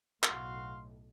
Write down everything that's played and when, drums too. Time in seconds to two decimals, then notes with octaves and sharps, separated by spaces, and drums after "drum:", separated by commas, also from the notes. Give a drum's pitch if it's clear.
0.23 B1 A2 F#4 F5 C6, drum: clap